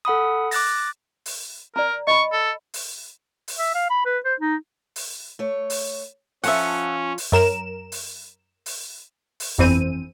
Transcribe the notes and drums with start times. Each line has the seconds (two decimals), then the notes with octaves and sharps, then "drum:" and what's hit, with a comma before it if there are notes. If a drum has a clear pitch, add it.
0.05 A4 F#5 B5 D#6
0.51 D6 F#6 A6 A#6, drum: open hi-hat
1.26 drum: open hi-hat
1.76 A#4 D5 A#5
2.07 D#5 B5 C#6
2.32 A4
2.74 drum: open hi-hat
3.48 drum: open hi-hat
3.59 E5
3.75 F5
3.90 B5
4.06 B4
4.25 C5
4.40 D#4
4.96 drum: open hi-hat
5.39 A3 C#5
5.70 drum: open hi-hat
6.44 F3 C#4 F4 A4 E5 F#5, drum: open hi-hat
7.18 drum: open hi-hat
7.32 F#2 A#4 E7
7.92 drum: open hi-hat
8.66 drum: open hi-hat
9.40 drum: open hi-hat
9.58 G1 F2 E3 C4 D#7